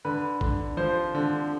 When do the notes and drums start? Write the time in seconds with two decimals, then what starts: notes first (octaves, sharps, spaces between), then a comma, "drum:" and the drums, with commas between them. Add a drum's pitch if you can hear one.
0.05 D3 B4
0.41 D3, drum: kick A1
0.77 F3 C5
1.15 D3